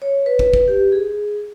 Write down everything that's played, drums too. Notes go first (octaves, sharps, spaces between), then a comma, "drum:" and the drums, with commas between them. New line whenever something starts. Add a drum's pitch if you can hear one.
C#5
B4
drum: kick
drum: kick
G4
G#4